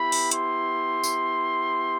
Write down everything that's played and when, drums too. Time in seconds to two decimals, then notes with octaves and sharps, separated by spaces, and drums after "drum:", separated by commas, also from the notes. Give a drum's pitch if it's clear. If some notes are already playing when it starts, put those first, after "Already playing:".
Already playing: B3 E4 G4 B5
0.12 drum: open hi-hat
0.31 C6, drum: hi-hat
1.04 drum: tambourine